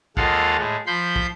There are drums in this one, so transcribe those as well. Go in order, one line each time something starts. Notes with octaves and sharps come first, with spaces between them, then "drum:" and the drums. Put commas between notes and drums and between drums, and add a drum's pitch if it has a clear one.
D#2 G#3 F4 A4 F5 F#5, drum: kick
A2 G#3
F3 B5 C6 G6
drum: kick